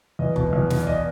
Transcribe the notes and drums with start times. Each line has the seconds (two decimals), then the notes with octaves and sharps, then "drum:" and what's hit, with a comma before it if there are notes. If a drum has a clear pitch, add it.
0.19 E2 D#5
0.36 B2, drum: kick F#1
0.53 E2
0.70 B2, drum: snare
0.82 D5
0.87 D#5, drum: kick F#1